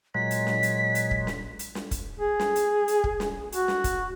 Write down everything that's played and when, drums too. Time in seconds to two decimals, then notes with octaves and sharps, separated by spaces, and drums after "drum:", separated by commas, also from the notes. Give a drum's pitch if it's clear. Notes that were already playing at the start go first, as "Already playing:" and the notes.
0.15 A#2 F#3 G#3 B6
0.31 drum: hi-hat
0.47 drum: snare
0.63 drum: hi-hat
0.95 drum: hi-hat
1.11 drum: kick
1.27 drum: snare
1.59 drum: hi-hat
1.75 drum: snare
1.91 drum: kick, hi-hat
2.19 G#4
2.40 drum: snare
2.56 drum: hi-hat
2.88 drum: hi-hat
3.04 drum: kick
3.20 drum: snare
3.52 F#4, drum: hi-hat
3.68 drum: snare
3.84 drum: kick, hi-hat